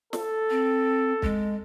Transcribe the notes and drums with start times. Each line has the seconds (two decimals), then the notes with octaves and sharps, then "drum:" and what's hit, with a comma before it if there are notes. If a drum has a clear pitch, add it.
0.13 A4, drum: snare
0.50 C4
1.22 G#3, drum: kick